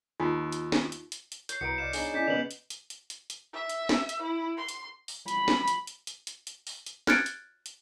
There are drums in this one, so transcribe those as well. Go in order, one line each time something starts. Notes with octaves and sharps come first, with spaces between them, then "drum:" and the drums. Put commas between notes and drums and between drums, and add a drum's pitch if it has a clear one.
D#2 D#4 F4
drum: hi-hat
drum: snare
drum: hi-hat
drum: hi-hat
drum: hi-hat
C#5 G6 C7, drum: hi-hat
C2 E4 F#4 B4 A#5 D#6 C#7 D7
D5 D#5 F5 E7
B3 D4 D#4 G#4 C#5, drum: open hi-hat
C#4 E4 G#4 D5 G6 B6
C#3 B3 C#4 B4 D5 F7 F#7
drum: hi-hat
drum: hi-hat
drum: hi-hat
drum: hi-hat
drum: hi-hat
E5
drum: hi-hat
drum: snare
drum: hi-hat
E4
C6
drum: hi-hat
drum: open hi-hat
B5, drum: hi-hat
drum: snare
drum: hi-hat
drum: hi-hat
drum: hi-hat
drum: hi-hat
drum: hi-hat
drum: open hi-hat
drum: hi-hat
F6 F#6 G#6 A6 C#7 D7, drum: snare
drum: hi-hat
drum: hi-hat